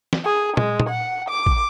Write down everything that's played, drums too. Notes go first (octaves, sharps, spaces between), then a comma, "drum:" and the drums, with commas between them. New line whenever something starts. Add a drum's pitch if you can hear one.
drum: snare
G#4
G#3, drum: tom
drum: tom
F#5
D6
drum: kick A1